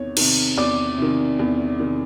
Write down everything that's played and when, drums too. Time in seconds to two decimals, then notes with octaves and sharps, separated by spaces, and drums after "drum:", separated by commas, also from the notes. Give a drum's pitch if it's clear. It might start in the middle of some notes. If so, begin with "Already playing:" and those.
Already playing: E2 C3 D#3 C#5
0.17 C3 D#3, drum: cymbal
0.57 E2 D5 D6
0.98 C3 D#3
1.39 E2
1.80 C3 D#3